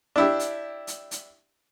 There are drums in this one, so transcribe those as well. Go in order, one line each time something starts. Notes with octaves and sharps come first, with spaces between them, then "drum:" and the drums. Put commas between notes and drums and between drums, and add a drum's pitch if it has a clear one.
D4 E4 G4
drum: hi-hat
drum: hi-hat
drum: hi-hat